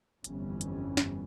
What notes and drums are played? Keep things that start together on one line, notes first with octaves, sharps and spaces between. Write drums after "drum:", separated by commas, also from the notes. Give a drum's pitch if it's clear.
G1 F2 E3 G3 C#4, drum: hi-hat
drum: hi-hat
drum: snare